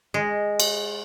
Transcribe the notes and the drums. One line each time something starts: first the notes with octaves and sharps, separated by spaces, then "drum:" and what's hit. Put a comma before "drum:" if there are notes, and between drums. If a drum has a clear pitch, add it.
G#3
drum: cymbal